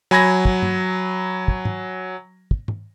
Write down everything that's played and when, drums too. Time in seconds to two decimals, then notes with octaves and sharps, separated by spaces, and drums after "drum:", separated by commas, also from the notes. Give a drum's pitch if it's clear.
0.11 F#3 G#5 B5 G#6 A#6
0.45 drum: kick
0.62 drum: tom G2
1.48 drum: kick
1.65 drum: tom G#2
2.51 drum: kick
2.68 drum: tom G#2